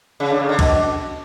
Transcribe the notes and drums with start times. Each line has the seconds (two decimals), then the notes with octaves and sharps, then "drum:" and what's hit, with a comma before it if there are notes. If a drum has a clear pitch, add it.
0.20 C#3
0.31 D3
0.40 C#3
0.49 D3
0.59 B2, drum: kick, cymbal